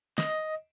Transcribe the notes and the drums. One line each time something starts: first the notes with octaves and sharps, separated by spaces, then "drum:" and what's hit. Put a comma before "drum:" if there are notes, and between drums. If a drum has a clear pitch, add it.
D#5, drum: snare